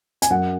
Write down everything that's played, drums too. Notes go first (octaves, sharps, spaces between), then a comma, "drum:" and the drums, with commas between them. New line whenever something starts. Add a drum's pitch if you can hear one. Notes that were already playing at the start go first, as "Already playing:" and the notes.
G#5, drum: hi-hat
F#2 F#5